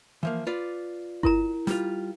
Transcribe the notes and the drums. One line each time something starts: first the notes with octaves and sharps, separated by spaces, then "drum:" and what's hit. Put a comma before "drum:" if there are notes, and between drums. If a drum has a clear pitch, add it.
E3 F3 A#3
F4 B4 D5
E4 A#4 A#5, drum: kick G1
G3 F4, drum: snare